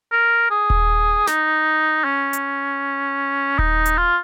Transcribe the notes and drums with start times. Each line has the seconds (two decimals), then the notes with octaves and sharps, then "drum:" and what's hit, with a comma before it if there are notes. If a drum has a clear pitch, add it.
0.12 A#4
0.50 G#4
0.70 drum: kick D#1
1.27 D#4, drum: snare
2.04 C#4
2.33 drum: hi-hat
3.59 D#4, drum: kick D#1
3.86 drum: hi-hat
3.97 F4